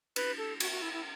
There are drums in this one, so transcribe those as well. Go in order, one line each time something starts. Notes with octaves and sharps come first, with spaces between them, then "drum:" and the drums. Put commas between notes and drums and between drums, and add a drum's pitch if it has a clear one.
B4, drum: cymbal
A4
F#4, drum: cymbal
F#4
E4
E4